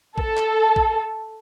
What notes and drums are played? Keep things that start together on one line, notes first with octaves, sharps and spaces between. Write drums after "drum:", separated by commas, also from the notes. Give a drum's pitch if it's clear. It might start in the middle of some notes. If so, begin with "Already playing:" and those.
A4, drum: kick
drum: clap
drum: kick